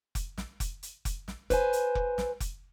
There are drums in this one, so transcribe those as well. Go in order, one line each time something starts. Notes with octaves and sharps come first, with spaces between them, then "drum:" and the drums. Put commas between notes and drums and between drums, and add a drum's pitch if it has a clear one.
drum: kick F1, hi-hat
drum: snare
drum: kick F1, hi-hat
drum: hi-hat
drum: kick F1, hi-hat
drum: snare
B4 C5 G#5, drum: kick F1, hi-hat
drum: hi-hat
drum: kick F1
drum: snare
drum: kick F1, hi-hat